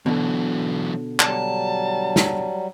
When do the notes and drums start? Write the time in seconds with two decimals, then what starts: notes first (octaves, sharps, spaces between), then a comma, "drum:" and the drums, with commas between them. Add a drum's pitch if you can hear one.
0.06 B2 D3 E3 F#3
1.20 F#3 G3 A5, drum: clap
2.16 drum: snare